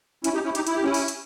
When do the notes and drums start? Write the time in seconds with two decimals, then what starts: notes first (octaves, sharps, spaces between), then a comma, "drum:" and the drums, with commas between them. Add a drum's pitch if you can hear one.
0.24 C#4 E4, drum: hi-hat
0.34 D#4 G4
0.44 C#4 E4
0.55 D#4 G4, drum: hi-hat
0.67 E4, drum: hi-hat
0.75 G4
0.83 C#4 E4
0.94 drum: open hi-hat
1.08 drum: hi-hat